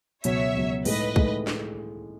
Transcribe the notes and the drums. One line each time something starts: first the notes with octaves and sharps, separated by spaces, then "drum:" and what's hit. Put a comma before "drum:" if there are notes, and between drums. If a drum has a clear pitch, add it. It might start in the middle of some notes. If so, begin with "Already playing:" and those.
C#2 B2 F#3 C#5 E5, drum: hi-hat
C#2 B2 F#3
A2 G#3 D#4 G#4 B4 D#5, drum: open hi-hat
A2 G#3 D#4 G#4, drum: kick
drum: snare